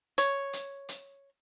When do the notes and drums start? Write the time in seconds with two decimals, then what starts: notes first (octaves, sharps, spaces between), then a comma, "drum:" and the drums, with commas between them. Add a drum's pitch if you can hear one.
0.18 C#5, drum: hi-hat
0.53 drum: hi-hat
0.89 drum: hi-hat